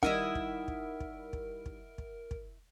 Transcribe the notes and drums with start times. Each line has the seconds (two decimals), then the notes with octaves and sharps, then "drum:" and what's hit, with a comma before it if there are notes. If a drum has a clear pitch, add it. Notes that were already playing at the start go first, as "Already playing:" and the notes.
0.03 D#3 G3 E4 A#4 D#5 E5 F#5, drum: kick
0.35 drum: kick
0.68 drum: kick
1.00 drum: kick
1.33 drum: kick
1.66 drum: kick
1.98 drum: kick
2.31 drum: kick